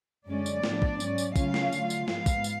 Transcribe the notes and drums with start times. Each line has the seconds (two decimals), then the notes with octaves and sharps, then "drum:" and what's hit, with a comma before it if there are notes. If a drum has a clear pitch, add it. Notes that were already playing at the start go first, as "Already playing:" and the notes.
0.27 F#2 D3 G#3 C#4 D5
0.46 drum: tambourine
0.64 A2 F3 B3 D4, drum: snare
0.82 drum: kick
1.00 G#2 F#3 C#4, drum: tambourine
1.18 drum: tambourine
1.36 C#3 F#3 A3 C#4 F4 F5, drum: kick, tambourine
1.54 drum: snare
1.72 D3 F#3 A3 F4, drum: tambourine
1.90 drum: tambourine
2.08 G#2 F3 G#3 B3 F5, drum: snare
2.26 drum: kick, tambourine
2.44 drum: tambourine